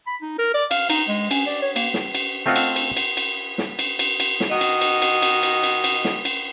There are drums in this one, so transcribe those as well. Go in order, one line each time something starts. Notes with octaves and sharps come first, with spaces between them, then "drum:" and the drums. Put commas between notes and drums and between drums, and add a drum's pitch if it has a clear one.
B5
D#4
A#4
D5
F5, drum: cymbal
D#4, drum: cymbal
G#3
C#4, drum: cymbal
D5
C#5
A#3, drum: cymbal
drum: snare
drum: cymbal
A3 C4 F4 D#5 F5 F#5
drum: cymbal
drum: cymbal
drum: cymbal
drum: cymbal
drum: snare
drum: cymbal
drum: cymbal
drum: cymbal
drum: snare
D#3 F#4 D#5
drum: cymbal
drum: cymbal
drum: cymbal
drum: cymbal
drum: cymbal
drum: cymbal
drum: cymbal
drum: snare
drum: cymbal